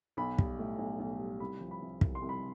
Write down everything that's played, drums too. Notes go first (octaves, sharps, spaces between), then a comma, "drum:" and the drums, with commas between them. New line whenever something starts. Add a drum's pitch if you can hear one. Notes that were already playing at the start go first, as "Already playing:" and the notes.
B1 B5
G3, drum: kick
A2
B1
B1
G3
C2 B5
F3
B5
C3
C2, drum: kick
C6
C2
B5